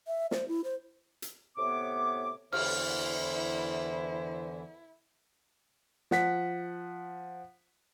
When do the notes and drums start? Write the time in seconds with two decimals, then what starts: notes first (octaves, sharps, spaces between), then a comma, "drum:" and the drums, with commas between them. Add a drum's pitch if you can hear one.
0.07 E5
0.31 C5, drum: snare
0.48 E4
0.64 C5
1.22 drum: hi-hat
1.57 A2 C3 B3 C#5 D6
2.52 E2 D3 E3 E4 C5 F6, drum: cymbal
6.11 F3 F#5 B6, drum: snare